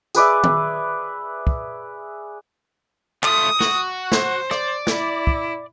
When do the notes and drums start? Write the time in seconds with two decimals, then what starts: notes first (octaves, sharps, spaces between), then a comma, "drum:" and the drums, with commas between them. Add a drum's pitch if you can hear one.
0.15 G#4 B4 D5 E5, drum: tambourine
0.44 drum: tom D#3
1.47 drum: kick
3.23 A3 F4 D#6, drum: clap
3.60 F#4, drum: snare
4.12 C5, drum: snare
4.51 D5, drum: rim click
4.87 E4, drum: snare
5.27 drum: kick